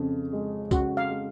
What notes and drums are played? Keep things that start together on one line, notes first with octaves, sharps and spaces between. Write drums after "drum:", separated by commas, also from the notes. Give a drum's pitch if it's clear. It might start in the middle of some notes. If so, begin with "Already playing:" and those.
Already playing: F2 C#3
G#3
C#3 F#4, drum: kick C2, tambourine
F5
G#3